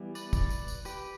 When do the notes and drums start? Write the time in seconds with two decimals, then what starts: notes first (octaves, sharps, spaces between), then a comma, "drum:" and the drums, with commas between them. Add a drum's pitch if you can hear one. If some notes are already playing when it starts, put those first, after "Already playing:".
Already playing: E3 G3 B3
0.15 B4 D5, drum: tambourine
0.33 drum: kick, tambourine
0.50 drum: tambourine
0.68 drum: tambourine
0.85 G4 B4, drum: tambourine